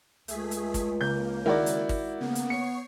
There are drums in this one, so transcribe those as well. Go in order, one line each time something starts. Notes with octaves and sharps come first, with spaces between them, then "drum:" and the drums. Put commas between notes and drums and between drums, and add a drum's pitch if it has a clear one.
C#2 A3 G#4 B6, drum: hi-hat
drum: hi-hat
drum: kick, hi-hat
C#3 A#3 G6
D#3 G#3 E4 F#4 A#4 D5
drum: hi-hat
drum: kick, open hi-hat
C#3 A#3 B3
drum: hi-hat
C#5 C#6 C7 C#7